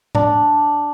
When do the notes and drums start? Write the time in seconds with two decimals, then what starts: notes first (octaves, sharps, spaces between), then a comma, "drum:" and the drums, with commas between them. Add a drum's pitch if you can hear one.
0.15 D4, drum: tom G#2